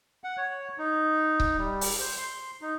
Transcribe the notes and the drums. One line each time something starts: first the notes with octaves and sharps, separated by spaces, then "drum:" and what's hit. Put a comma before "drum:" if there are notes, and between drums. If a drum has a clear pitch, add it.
F#5
C#5
D#4
drum: kick C#1
G3
drum: open hi-hat
C5
C6
D#4